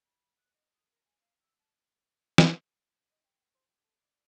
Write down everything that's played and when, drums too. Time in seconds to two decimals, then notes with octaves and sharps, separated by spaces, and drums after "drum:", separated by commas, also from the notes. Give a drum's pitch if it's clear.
0.05 B5
0.37 F#6
0.54 D#5
0.74 D#6
0.91 A#4
1.05 G#5
1.21 F5
1.41 E6
1.59 A5
2.38 drum: snare
2.95 C5
3.10 D#5
3.24 G5
3.35 F#5
3.55 C5
3.69 G4
3.83 A4
4.04 D5